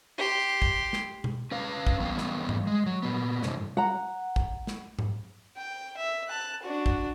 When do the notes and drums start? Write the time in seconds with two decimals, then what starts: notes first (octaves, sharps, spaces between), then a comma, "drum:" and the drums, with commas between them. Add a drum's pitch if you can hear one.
0.17 G4 C6
0.62 drum: kick A1
0.93 drum: snare
1.24 drum: tom B2
1.51 C#4 B4 F5
1.87 drum: kick A1
2.00 E3 G3 B3 F5 G5
2.18 drum: snare
2.49 drum: tom G#2
2.67 G#3
2.86 F#3
3.03 A#2 B3
3.43 G2 C3 E3, drum: snare
3.77 F#5 A#5
4.36 drum: kick A1
4.67 drum: snare
4.99 drum: tom G#2
5.57 G5
5.97 E5
6.28 A5 F#6
6.63 D4 F#4
6.86 drum: kick A1